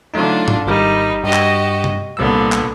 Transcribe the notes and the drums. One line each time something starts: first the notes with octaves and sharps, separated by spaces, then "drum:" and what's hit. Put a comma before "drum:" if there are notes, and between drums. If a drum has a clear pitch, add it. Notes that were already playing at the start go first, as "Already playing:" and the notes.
D3 F#3 A3 D4 D#4 F4
drum: tom
G#1 G3 D#4 A#4
G2 F#4 G4 D#5
drum: clap
drum: tom C3
C2 A#2 D3 A#3 B3 E6
drum: clap